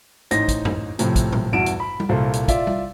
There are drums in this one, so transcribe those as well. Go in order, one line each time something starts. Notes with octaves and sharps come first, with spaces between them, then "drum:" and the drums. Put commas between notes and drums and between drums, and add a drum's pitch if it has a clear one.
A1 D#4 C5 A#6, drum: hi-hat
drum: kick, hi-hat
drum: tom F#2
A2 C3 F3, drum: hi-hat
drum: kick, hi-hat
drum: tom A#2
E2 G2 E4 F#4 D7 E7
drum: hi-hat
B5
drum: tom G3
C2 A#2 A4 C5
drum: hi-hat
F4 D5 E5, drum: kick, hi-hat
drum: tom G3